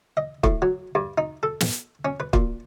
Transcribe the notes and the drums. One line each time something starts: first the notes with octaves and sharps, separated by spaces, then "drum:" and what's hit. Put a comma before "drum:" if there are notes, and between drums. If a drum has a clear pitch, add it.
D#5
A2, drum: kick
F#3
G2
D#4
A4
drum: snare
C#4
B4
A#2, drum: kick